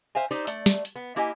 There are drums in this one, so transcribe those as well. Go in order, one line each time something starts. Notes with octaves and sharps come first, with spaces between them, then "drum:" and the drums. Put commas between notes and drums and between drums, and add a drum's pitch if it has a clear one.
C5 E5 F5 G#5
D#4 G4 C5 D5
A3 D5, drum: hi-hat
drum: snare
drum: hi-hat
B3
A#3 E4 G4 D#5 G#5